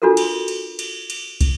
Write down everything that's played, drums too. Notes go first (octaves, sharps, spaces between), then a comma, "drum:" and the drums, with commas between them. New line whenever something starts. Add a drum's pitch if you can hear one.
D4 F4 F#4 A4 A#4
drum: cymbal
drum: cymbal
drum: cymbal
drum: cymbal
drum: kick, cymbal